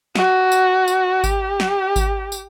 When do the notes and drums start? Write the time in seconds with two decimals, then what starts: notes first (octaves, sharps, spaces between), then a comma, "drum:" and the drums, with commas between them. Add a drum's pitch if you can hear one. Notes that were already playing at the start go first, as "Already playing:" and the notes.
0.15 F#4, drum: snare
0.52 drum: tambourine
0.88 drum: tambourine
1.24 G4, drum: kick G#1, tambourine
1.60 drum: snare
1.96 drum: kick G#1, tambourine
2.32 drum: tambourine